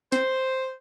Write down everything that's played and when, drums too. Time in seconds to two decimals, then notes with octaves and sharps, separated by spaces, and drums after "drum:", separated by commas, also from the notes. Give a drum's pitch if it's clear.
0.12 C5, drum: snare